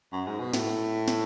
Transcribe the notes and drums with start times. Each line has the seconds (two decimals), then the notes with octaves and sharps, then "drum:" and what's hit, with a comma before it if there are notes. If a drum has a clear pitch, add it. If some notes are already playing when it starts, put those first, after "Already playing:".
0.12 F#2
0.27 G#2
0.40 B2
0.54 A2, drum: snare
1.08 drum: snare